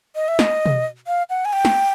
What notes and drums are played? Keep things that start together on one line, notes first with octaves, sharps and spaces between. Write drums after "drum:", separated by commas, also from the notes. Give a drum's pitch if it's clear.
D#5
E5
D#5, drum: snare
drum: tom B2
F5
F#5
G#5
G5
drum: snare